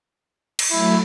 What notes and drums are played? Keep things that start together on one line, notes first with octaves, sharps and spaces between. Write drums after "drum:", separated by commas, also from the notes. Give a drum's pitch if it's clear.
drum: cymbal
F#3 A3 E4